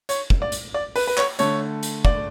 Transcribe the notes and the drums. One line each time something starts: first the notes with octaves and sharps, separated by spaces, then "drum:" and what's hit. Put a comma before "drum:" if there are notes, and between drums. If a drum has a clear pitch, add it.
C#5, drum: hi-hat
drum: kick
D5
drum: hi-hat
D5
B4, drum: open hi-hat
B4
C#5, drum: clap
D3 A3 C#5, drum: hi-hat
drum: hi-hat
D5, drum: kick